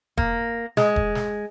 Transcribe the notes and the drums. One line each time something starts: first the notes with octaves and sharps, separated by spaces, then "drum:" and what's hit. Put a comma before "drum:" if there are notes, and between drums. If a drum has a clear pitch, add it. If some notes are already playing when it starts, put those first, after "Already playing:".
A#3, drum: kick E1
G#3, drum: snare
drum: kick E1
drum: snare